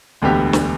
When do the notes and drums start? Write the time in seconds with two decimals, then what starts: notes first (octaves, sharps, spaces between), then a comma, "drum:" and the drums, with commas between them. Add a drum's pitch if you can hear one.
0.22 E1 D2 D3 B3 G4
0.53 drum: snare